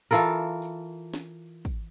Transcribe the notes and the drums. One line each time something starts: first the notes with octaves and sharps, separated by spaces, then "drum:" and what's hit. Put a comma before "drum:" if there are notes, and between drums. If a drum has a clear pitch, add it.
E3 F4 A4 A#4, drum: tambourine
drum: tambourine
drum: snare
drum: kick, tambourine